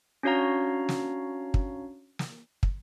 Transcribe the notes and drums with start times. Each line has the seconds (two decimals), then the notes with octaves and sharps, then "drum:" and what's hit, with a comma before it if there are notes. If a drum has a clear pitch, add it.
0.23 C#4 D4 F#4 C#5 F5 A#5
0.89 drum: snare
1.54 drum: kick
2.19 drum: snare
2.63 drum: kick